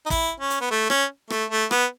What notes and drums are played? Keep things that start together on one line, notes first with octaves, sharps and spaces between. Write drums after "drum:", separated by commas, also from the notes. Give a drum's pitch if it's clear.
D#4
E4, drum: kick, hi-hat
C#4
drum: hi-hat
B3
A3
C#4, drum: rim click
A3, drum: rim click
A3
B3, drum: rim click